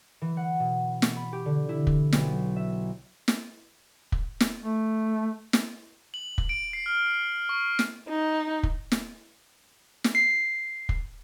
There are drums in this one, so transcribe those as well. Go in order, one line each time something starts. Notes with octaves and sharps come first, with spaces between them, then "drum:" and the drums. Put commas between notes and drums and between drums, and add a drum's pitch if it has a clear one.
E3
F#5
B2
C#6, drum: snare
B5
G4
D3
E4
drum: kick
B1, drum: snare
E5
drum: snare
drum: kick
drum: snare
A3
drum: snare
F#7
drum: kick
D7
C7
F6
C#6
drum: snare
D#4
drum: kick
drum: snare
drum: snare
C7
drum: kick